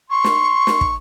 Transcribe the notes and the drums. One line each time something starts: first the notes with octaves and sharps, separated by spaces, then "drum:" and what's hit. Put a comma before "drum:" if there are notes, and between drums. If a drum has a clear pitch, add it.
C6 C#6
drum: snare
drum: snare
drum: kick